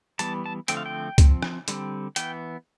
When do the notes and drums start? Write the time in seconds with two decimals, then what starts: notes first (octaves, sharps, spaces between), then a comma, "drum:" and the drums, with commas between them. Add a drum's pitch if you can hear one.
0.19 E3 G3 B3 A5, drum: hi-hat
0.46 A5
0.68 D3 F3 A3 C4 G5, drum: hi-hat
0.77 F5
0.86 G5
1.18 F3 C4, drum: kick C#2, hi-hat
1.42 drum: rim click
1.68 D3 G3 C4, drum: hi-hat
2.16 E3 B3 G5, drum: hi-hat